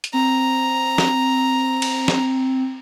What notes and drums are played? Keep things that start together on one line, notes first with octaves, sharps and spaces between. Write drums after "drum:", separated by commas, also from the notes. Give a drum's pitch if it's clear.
drum: hi-hat
C4 A#5
drum: snare
drum: cymbal
drum: snare